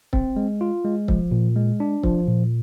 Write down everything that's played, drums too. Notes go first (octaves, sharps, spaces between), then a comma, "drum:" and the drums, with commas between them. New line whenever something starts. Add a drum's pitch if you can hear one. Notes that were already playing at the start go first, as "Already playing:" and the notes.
C4, drum: kick
G#3
F4
G#3
F3, drum: kick
A#2
G#3
D4
F3, drum: kick
A#2